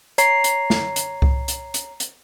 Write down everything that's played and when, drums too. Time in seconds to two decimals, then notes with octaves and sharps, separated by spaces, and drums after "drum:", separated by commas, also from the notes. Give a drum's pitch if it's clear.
0.18 C#5 A#5 C7, drum: hi-hat
0.44 drum: hi-hat
0.70 drum: snare
0.96 drum: hi-hat
1.22 drum: kick C2
1.48 drum: hi-hat
1.74 drum: hi-hat
2.00 drum: hi-hat